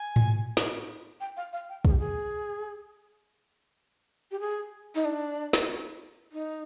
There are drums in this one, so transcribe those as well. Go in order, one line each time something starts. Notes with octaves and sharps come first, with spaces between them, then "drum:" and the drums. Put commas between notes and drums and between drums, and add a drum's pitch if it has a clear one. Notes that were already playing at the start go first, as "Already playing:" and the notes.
Already playing: G#5
drum: tom G#2
drum: snare
G5
F5
F5
G5
G#4, drum: kick
G4
G#4
G4
G#4
D#4
D4
drum: snare
D#4